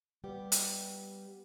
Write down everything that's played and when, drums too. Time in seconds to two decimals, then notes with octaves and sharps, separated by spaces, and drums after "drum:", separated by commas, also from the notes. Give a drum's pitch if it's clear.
0.24 G3 B3 G4
0.52 drum: hi-hat